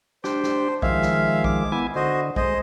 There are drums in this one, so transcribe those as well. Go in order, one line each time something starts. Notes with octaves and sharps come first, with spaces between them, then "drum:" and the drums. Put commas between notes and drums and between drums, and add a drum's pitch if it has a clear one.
D4 G4 C5, drum: snare
drum: snare
D#3 F3 G#3 E5 F5, drum: kick A#1
drum: snare
D6, drum: kick A#1
B3 E4 G#5
D3 F#4 C5 D#5
G#3 C5 D#5, drum: kick A#1